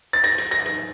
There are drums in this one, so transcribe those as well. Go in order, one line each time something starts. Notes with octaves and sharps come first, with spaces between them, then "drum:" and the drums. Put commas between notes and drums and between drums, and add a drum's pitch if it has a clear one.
A6
A#6, drum: hi-hat
drum: hi-hat
A#6, drum: hi-hat
drum: hi-hat